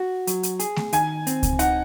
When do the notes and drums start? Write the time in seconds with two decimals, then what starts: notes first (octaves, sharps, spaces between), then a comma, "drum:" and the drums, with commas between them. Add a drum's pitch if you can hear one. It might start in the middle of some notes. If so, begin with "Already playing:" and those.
Already playing: F#4
0.27 F#3, drum: hi-hat
0.43 drum: hi-hat
0.60 G#4, drum: hi-hat
0.76 drum: snare A3
0.93 D#3 G#5, drum: hi-hat
1.27 C4, drum: hi-hat
1.43 drum: kick C#2, hi-hat
1.59 D#4 F#5, drum: hi-hat